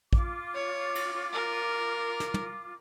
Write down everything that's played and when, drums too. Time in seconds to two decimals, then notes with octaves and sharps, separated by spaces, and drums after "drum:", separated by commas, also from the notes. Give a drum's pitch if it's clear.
0.13 F4 D6, drum: kick
0.55 C#5
0.95 drum: cymbal
1.33 A#4
2.20 drum: snare
2.34 drum: tom